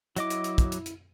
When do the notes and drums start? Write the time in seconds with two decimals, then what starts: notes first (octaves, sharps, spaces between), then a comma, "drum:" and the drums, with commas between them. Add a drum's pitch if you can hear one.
0.16 F#3 E4 D#5 D6, drum: hi-hat
0.30 drum: hi-hat
0.44 drum: hi-hat
0.58 drum: kick, hi-hat
0.72 drum: hi-hat
0.86 drum: hi-hat